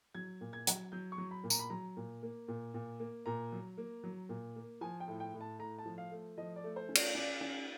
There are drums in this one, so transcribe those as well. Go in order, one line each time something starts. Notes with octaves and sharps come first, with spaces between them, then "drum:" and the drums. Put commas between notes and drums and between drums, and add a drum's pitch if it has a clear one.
F#3 G#6
A#2
G#6
F#3, drum: hi-hat
F#3 G6
C#6
F#3
B5
A#2
A#5, drum: tambourine
B5
F#3 A#5
A#2
A#3
A#2
A#2
A#3
A#2 A#5
F#3
A#3
F#3
A#2
A#3
F3 G#5
G5
A2
G5
A2
A5
A2 A#5
A5
F3
F5
A3
F3 D#5
D5
A3
C5
C#4
C#5, drum: cymbal
C#4 D5
C#4